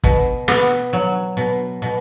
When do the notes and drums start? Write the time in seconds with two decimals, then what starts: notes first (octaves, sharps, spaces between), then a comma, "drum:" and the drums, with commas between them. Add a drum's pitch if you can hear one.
0.04 B2, drum: kick
0.48 B3, drum: rim click
0.93 F#3
1.37 B2
1.82 B2